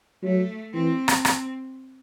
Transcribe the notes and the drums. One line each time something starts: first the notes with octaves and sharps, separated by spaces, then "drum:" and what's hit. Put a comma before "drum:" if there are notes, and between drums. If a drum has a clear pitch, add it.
F#3 A3
E3 C4
drum: rim click
drum: rim click